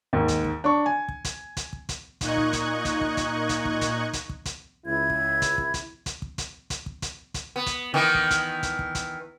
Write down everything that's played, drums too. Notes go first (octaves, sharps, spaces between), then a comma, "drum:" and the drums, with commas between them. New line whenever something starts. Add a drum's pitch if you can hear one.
D#2 G#2
drum: kick, hi-hat
drum: kick
D4 C#6
G#5
drum: kick
drum: kick, hi-hat
drum: kick, hi-hat
drum: kick
drum: kick, hi-hat
A#2 D#4 D#5 C#6 F#6 G#6, drum: kick, hi-hat
drum: kick
drum: kick, hi-hat
drum: kick, hi-hat
drum: kick
drum: kick, hi-hat
drum: kick, hi-hat
drum: kick
drum: kick, hi-hat
drum: kick, hi-hat
drum: kick
drum: kick, hi-hat
C#2 E4 G#6
drum: kick
drum: kick, hi-hat
drum: kick
drum: kick, hi-hat
drum: kick, hi-hat
drum: kick
drum: kick, hi-hat
drum: kick, hi-hat
drum: kick
drum: kick, hi-hat
drum: kick, hi-hat
B3
drum: kick, hi-hat
D#3 E3 B3
drum: kick
drum: kick, hi-hat
drum: kick, hi-hat
drum: kick
drum: kick, hi-hat